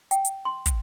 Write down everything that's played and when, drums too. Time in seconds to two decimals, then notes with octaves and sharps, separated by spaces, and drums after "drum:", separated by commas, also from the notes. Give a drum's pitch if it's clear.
0.11 G5, drum: hi-hat
0.25 drum: hi-hat
0.45 C6
0.66 drum: kick, hi-hat